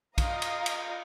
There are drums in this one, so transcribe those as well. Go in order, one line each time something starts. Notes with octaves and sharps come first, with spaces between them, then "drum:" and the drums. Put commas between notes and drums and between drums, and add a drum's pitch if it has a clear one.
F4 D#5 F5 A#5 D#6, drum: kick, cymbal
drum: cymbal
drum: cymbal